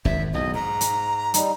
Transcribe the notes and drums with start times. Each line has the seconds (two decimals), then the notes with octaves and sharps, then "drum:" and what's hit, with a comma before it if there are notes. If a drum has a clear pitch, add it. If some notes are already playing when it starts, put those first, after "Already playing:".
0.05 G#1 F#2 E5, drum: kick
0.33 B1 E2 D#5
0.55 G#2 A#5
0.81 drum: hi-hat
1.34 G3 D#4, drum: hi-hat